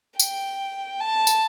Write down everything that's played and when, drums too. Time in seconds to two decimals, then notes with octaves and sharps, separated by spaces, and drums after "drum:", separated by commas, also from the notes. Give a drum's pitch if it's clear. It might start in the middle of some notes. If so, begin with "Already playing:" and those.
0.20 G5, drum: tambourine
1.00 A5
1.27 drum: tambourine